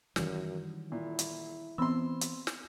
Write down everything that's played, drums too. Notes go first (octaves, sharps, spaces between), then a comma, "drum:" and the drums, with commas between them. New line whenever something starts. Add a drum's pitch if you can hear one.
F#2 D#3 E3 G3, drum: snare
A#2 E4
drum: hi-hat
E3 B3 C4 C6 E6
drum: hi-hat
drum: snare